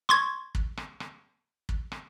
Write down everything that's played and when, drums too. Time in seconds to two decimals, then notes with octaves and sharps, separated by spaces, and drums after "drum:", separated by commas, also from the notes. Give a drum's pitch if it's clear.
0.09 C6 C#6 G#6, drum: rim click
0.55 drum: kick
0.77 drum: rim click
1.00 drum: rim click
1.69 drum: kick
1.92 drum: rim click